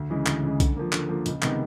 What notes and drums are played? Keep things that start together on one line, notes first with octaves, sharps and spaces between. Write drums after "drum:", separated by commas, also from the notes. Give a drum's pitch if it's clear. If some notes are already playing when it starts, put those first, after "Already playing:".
Already playing: D2
C#3 E3 G#3
D2, drum: clap
C#3 E3 G#3
D3, drum: kick, hi-hat
F3 A#3
D3, drum: clap
F3 A#3
C#2, drum: hi-hat
C3 D#3 G#3 B3, drum: clap